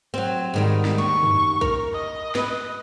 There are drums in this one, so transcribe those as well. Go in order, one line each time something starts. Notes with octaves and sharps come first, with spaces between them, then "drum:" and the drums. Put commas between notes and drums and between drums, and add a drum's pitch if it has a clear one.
F#3 C4
G#2 D#3 G3
drum: snare
D#2 C#6
drum: tom F#2
A#4, drum: kick
D#5
B4, drum: snare